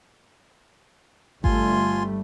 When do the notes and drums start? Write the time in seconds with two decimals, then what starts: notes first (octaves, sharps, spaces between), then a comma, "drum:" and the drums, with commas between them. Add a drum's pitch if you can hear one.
1.44 G1 G3 A3 F4 G#5 C6, drum: kick G#1